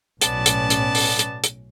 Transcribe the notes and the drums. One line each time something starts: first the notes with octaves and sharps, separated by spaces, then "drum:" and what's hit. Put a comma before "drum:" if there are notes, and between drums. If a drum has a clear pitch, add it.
B1 A2 B3 C#4 D5 A5, drum: hi-hat
drum: hi-hat
drum: hi-hat
drum: open hi-hat
drum: hi-hat
drum: hi-hat